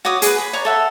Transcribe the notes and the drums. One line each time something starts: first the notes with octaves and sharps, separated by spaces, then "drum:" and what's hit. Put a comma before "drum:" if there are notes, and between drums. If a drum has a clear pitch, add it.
F#4 C#5 D6 D#6
G#4 B4, drum: hi-hat
B5
C#5 D5 A#5
A4 E5 F#5